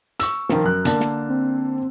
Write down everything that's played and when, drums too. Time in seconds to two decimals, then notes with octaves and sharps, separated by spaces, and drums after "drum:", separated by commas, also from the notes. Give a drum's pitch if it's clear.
0.20 C#6 E6, drum: hi-hat
0.49 D#3 F3 A#4, drum: snare
0.64 F#2 F#6
0.85 D3 A#3 A5, drum: hi-hat
1.00 drum: snare
1.29 C4